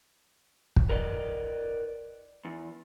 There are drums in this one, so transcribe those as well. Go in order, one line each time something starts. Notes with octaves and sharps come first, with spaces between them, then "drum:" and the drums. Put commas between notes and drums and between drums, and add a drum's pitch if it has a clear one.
drum: kick
A#4 B4 D5 D#5
E2